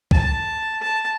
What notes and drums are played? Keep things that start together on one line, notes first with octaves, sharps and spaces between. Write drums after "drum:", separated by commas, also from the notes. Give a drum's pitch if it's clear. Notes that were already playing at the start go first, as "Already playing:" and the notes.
A5, drum: kick
A5